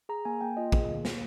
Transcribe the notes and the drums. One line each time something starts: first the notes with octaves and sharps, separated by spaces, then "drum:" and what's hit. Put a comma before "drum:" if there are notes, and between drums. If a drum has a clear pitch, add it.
G#4 A#5
A#3 G#5
A#3 G5
F4 D#5
G#4, drum: kick
A#3
A#3, drum: snare